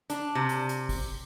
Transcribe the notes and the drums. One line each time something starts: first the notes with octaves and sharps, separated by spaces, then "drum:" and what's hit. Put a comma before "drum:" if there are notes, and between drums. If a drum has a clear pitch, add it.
D4, drum: hi-hat
C3
drum: hi-hat
drum: hi-hat
drum: kick, open hi-hat